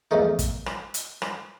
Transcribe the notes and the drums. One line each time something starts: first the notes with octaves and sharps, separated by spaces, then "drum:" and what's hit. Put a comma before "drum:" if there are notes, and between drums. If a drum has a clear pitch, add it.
E2 A#2 F3 G#3 A3 D#4
drum: kick, hi-hat
drum: rim click
drum: hi-hat
drum: rim click